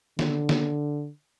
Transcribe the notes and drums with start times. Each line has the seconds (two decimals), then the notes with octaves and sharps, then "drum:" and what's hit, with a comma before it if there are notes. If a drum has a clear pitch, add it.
0.19 D3, drum: snare
0.49 drum: snare